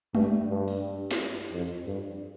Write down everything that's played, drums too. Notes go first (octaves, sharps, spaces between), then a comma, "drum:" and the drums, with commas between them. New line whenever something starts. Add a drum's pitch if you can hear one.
G2, drum: tom G#3
G2
drum: open hi-hat
drum: snare
F2
G2